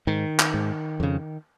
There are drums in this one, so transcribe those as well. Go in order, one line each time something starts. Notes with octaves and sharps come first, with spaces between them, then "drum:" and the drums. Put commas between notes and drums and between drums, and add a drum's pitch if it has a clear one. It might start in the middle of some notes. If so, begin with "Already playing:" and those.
G#2 D#3
drum: clap
G#2
F2 C#3